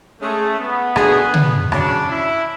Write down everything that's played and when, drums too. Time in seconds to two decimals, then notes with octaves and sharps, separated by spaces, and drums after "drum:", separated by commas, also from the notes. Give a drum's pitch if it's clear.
0.20 G#3 A3 C#4 G#4
0.58 B3
0.96 B2 A3 D4 G#4, drum: rim click
1.34 drum: tom
1.72 C#3 F#3 C#4 D4, drum: rim click
2.09 E4